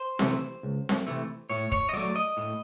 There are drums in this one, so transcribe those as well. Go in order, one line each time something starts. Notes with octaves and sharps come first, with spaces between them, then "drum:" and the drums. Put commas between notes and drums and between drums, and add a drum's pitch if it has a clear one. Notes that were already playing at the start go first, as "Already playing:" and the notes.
Already playing: C5
C3 E3 A3, drum: snare C4
C#2
drum: snare C4
C3 E3 A3, drum: hi-hat
A2 C#5
C#5, drum: kick
D#5
F#3 A3 D5
D#5
A2